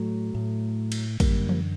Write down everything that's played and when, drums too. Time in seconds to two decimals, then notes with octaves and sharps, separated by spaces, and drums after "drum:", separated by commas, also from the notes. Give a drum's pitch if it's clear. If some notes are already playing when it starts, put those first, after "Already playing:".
Already playing: A2 F#3 A3
0.35 A2
0.92 drum: cymbal
1.20 F#2 D3 G3 A#3, drum: kick, cymbal
1.49 drum: tom E3